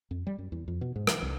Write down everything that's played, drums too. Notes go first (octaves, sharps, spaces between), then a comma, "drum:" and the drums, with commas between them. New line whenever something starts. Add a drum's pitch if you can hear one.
F2
G3
F#2
E2
F2
B2
G#2
E3, drum: rim click
C2